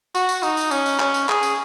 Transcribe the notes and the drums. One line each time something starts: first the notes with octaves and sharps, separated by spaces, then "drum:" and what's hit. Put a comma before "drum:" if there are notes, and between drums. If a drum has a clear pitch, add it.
F#4, drum: tambourine
drum: tambourine
D#4, drum: tambourine
drum: tambourine
C#4, drum: tambourine
drum: tambourine
C#4, drum: clap
drum: tambourine
G#4, drum: clap
drum: tambourine